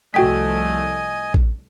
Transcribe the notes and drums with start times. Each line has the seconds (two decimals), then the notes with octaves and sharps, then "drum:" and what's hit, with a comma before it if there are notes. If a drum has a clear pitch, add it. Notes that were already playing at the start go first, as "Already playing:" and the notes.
0.14 C2 F3 A3 F#4 D#5 G5 G#5 B6
1.34 drum: kick